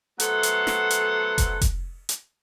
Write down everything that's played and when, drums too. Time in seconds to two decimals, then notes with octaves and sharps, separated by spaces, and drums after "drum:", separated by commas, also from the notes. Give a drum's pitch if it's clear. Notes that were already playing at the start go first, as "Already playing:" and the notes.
0.20 F#3 A3 B3 A4 C5 F#5, drum: hi-hat
0.43 drum: hi-hat
0.67 drum: snare
0.91 drum: hi-hat
1.38 drum: kick F1, hi-hat
1.61 drum: kick F1, hi-hat
2.09 drum: hi-hat